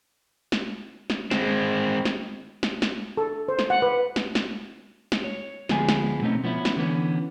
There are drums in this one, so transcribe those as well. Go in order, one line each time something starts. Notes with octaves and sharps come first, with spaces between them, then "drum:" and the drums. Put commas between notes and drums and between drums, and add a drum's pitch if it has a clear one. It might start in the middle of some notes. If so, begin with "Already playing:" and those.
drum: snare
drum: snare
G#3 C4, drum: snare
drum: snare
drum: snare
drum: snare
A4
C5
drum: snare
F#5
B4
drum: snare
drum: snare
drum: snare
C#5
D2 F3 G#3 B3 G#5, drum: snare
drum: snare
B2 A3 C4 C#4 D#4
F3 B3 C#4 E4
drum: snare
D3 E3 B3 C#4